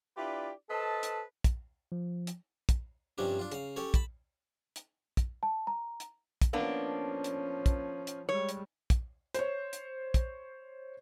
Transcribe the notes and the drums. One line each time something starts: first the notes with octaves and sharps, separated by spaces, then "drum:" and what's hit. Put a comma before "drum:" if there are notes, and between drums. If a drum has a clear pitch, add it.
D4 E4 F4 G4 B4 D5
A4 B4 C5 D#5 A5
drum: hi-hat
drum: kick, hi-hat
F3
drum: hi-hat
drum: kick, hi-hat
G2 C3 F3 G3 C#4 D4
D4 F4
C#3 F5, drum: hi-hat
C#4 G4 A4 C#5
A5 B5, drum: kick, hi-hat
drum: hi-hat
drum: kick, hi-hat
A5
A#5
drum: hi-hat
drum: kick, hi-hat
F3 A#3 B3 C#4 D4
drum: hi-hat
drum: kick, hi-hat
drum: hi-hat
G3 G#3 C#5
drum: hi-hat
drum: kick, hi-hat
C5 C#5, drum: hi-hat
drum: hi-hat
drum: kick, hi-hat